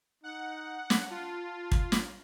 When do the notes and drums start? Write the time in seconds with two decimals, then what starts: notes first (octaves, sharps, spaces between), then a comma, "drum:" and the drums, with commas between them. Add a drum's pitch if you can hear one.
0.24 D#4 F#5
0.90 drum: snare
1.10 F4 A5
1.72 drum: kick
1.92 drum: snare